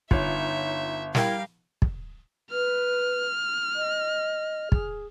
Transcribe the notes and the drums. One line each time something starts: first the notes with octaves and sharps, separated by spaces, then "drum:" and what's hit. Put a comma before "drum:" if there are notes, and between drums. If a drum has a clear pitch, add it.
G1 D#4 F4 C#5 E5, drum: kick
G3 E4 A#4 F5 G5, drum: snare
drum: kick
B4 F6
D#5
G#4, drum: kick